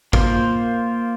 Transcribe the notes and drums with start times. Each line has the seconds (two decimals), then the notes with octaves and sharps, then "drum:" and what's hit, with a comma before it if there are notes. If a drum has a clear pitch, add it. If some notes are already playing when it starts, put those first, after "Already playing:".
0.13 A#3 F4 C5, drum: kick